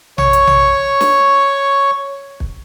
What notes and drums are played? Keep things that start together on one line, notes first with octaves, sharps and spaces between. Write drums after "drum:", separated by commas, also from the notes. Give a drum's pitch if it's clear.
C#5 C#6, drum: tom A#1
drum: hi-hat
drum: tom A#1
drum: snare
drum: kick